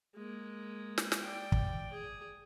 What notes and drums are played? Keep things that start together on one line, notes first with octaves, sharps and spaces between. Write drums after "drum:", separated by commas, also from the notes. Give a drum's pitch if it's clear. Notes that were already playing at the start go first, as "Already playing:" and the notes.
G#3 A#3
drum: snare
drum: snare
D5 G5
drum: kick
G#4